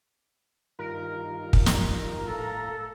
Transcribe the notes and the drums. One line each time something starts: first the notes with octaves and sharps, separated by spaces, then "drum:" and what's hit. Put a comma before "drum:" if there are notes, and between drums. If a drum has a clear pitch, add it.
G2 D#3 F4 A#4
drum: kick
drum: snare
A2 A4 F5 A#5